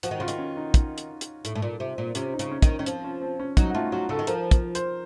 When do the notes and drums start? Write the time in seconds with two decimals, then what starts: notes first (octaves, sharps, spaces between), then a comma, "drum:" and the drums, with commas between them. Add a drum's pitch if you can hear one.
0.03 F3 F#4, drum: hi-hat
0.11 D#3
0.20 C#3 F4
0.28 D#3, drum: hi-hat
0.38 C#4
0.57 D#4
0.74 drum: kick, hi-hat
0.98 drum: hi-hat
1.21 drum: hi-hat
1.45 A2, drum: hi-hat
1.55 A2
1.62 A#2
1.80 C3
1.98 A#2
2.15 C3 C#4, drum: hi-hat
2.33 D#4
2.39 C#3, drum: hi-hat
2.51 C#4
2.62 D#3, drum: kick, hi-hat
2.69 C#4
2.79 D#3 C#4
2.86 F3 C4, drum: hi-hat
3.04 C#4
3.22 C4
3.39 C#4
3.57 F#3 D#4, drum: kick, hi-hat
3.70 F#4
3.75 A3 F4
3.92 F#3 F#4
4.09 C#3 A4
4.19 D#3
4.27 F3 A#4, drum: hi-hat
4.51 drum: kick, hi-hat
4.75 C5, drum: hi-hat